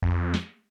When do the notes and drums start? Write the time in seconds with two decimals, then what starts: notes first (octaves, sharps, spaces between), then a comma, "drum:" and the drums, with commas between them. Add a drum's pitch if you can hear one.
0.02 F2, drum: kick A1
0.34 drum: snare